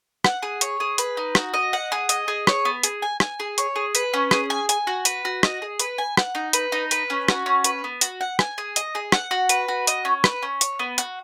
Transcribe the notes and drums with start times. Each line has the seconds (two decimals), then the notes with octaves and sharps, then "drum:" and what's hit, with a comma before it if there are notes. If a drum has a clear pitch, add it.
0.24 F#5, drum: rim click
0.42 G#4
0.61 C#5, drum: hi-hat
0.80 G#4
0.98 B4, drum: hi-hat
1.17 D#4
1.35 F#4, drum: rim click
1.54 D#5
1.73 F#5
1.92 G#4
2.09 D#5, drum: hi-hat
2.28 G#4
2.47 C#5, drum: rim click
2.65 B3
2.83 G#4, drum: hi-hat
3.02 G#5
3.20 G#5, drum: rim click
3.40 G#4
3.58 C#5, drum: hi-hat
3.76 G#4
3.95 B4, drum: hi-hat
4.14 C#4
4.31 G#4, drum: rim click
4.50 G#5
4.69 G#5, drum: hi-hat
4.87 F#4
5.05 B4, drum: hi-hat
5.25 F#4
5.43 D#5, drum: rim click
5.62 G#4
5.80 B4, drum: hi-hat
5.98 G#5
6.17 F#5, drum: rim click
6.35 D#4
6.53 B4, drum: hi-hat
6.72 D#4
6.91 B4, drum: hi-hat
7.10 C#4
7.28 F#4, drum: rim click
7.46 C#4
7.64 B4, drum: hi-hat
7.84 B3
8.01 F#4, drum: hi-hat
8.21 F#5
8.39 G#5, drum: rim click
8.58 G#4
8.76 D#5, drum: hi-hat
8.95 G#4
9.12 F#5, drum: rim click
9.31 F#4
9.49 B4, drum: hi-hat
9.68 F#4
9.87 D#5, drum: hi-hat
10.05 C#4
10.24 B4, drum: rim click
10.42 C#4
10.61 C#5, drum: hi-hat
10.79 B3
10.98 F#4, drum: hi-hat